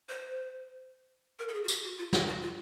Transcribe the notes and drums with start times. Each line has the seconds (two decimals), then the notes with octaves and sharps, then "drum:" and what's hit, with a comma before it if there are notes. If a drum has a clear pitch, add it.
0.09 C5
1.39 A#4
1.48 A4
1.54 G#4
1.64 F#4
1.68 G4, drum: tambourine
1.84 F#4
1.98 F4
2.13 F4, drum: snare
2.28 F#4
2.41 F4